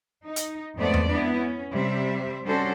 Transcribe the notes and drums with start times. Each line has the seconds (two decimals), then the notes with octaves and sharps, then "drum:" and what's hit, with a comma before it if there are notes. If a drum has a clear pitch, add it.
0.24 D#4
0.36 drum: hi-hat
0.76 F2 G#2 A3 B3 C5 D5
0.94 drum: tom E2
1.08 B3 D4 E4
1.39 C#4
1.72 C3 G3 C5 E5
2.43 G3 C#4 D4 F#4 A4 C5